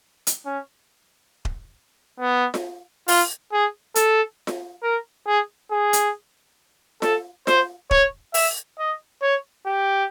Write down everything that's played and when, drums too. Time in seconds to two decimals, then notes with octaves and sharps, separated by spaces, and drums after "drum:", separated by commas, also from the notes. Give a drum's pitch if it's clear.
0.27 drum: hi-hat
0.45 C#4
1.45 drum: kick D#1
2.20 B3
2.54 drum: snare F4
3.08 F4, drum: open hi-hat
3.52 G#4
3.95 A4, drum: hi-hat
4.47 drum: snare F4
4.83 A#4
5.27 G#4
5.71 G#4
5.93 drum: hi-hat
7.02 A4, drum: snare F4
7.47 C5, drum: snare F4
7.91 C#5, drum: kick D#1
8.34 E5, drum: open hi-hat
8.79 D#5
9.22 C#5
9.66 G4